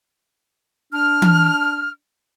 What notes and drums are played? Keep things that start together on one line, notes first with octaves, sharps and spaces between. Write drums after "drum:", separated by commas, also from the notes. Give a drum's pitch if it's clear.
D4 F6
drum: tom E3